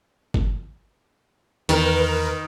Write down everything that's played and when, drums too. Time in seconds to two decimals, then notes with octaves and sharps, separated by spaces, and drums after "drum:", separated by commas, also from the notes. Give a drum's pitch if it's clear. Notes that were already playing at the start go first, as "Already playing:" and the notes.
0.34 drum: kick
1.69 E2 D#3 A#4 B4, drum: hi-hat